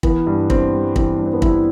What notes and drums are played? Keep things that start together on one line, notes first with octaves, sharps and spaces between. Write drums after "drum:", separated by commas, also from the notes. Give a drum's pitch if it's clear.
E3 B3, drum: kick
G2
G2 C4, drum: kick
G3
E3 C4, drum: kick
G2 D4
C4
B3 D4
G2 C4 E4, drum: kick